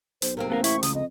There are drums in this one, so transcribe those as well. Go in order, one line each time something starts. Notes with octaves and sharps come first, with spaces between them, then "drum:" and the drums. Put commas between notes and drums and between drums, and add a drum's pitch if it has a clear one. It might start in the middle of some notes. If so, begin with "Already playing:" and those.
B1 C5, drum: hi-hat
C3 A#3 C4 A#4
A1 B3 A4 A#4 F5
E4 C#6, drum: hi-hat
C#2 D#6, drum: hi-hat
F2 D#5